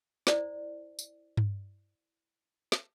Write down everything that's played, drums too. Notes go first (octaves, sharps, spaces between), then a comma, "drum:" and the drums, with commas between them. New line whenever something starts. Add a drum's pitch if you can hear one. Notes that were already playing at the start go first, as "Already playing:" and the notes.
E4 C5 D5, drum: snare
drum: tambourine
drum: tom G2
drum: snare